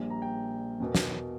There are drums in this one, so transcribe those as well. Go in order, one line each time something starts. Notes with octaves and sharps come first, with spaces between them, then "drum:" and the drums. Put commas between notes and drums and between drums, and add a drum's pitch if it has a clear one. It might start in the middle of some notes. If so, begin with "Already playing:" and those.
Already playing: A#1 A#2 G3
A#5
G5
E2 B2 A#3
drum: snare